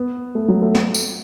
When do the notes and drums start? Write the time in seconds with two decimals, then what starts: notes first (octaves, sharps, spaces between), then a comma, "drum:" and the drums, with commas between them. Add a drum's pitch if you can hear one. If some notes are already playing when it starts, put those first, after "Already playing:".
Already playing: B3
0.35 A3
0.48 F#3
0.62 A3
0.75 drum: snare
0.94 drum: tambourine